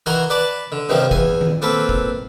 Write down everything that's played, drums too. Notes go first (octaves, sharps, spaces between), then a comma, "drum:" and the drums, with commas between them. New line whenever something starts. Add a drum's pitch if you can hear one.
D#3 E3 F#4 G#5 A#5 C6
B4 D5 A5 B5
D3
G2 C3 D#3 F3 F#3
E2 G#5, drum: kick
drum: tom D#3
A#3 C4 A4 B4
drum: kick